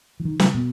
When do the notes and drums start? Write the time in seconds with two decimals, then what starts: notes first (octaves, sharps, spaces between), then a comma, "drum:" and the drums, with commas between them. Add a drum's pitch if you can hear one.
0.20 E3
0.25 D#3
0.39 C#3, drum: snare
0.54 B2